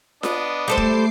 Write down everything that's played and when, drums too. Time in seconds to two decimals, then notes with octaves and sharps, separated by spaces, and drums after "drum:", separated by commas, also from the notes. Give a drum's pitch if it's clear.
0.23 B3 D4 D#5, drum: snare F4
0.68 G3 A3 A4 C5 D6 C7
0.77 drum: kick